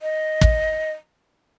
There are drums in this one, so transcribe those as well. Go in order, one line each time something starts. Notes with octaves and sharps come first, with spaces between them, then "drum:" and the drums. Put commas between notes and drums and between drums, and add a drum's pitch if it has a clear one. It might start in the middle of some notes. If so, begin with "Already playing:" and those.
D#5
drum: kick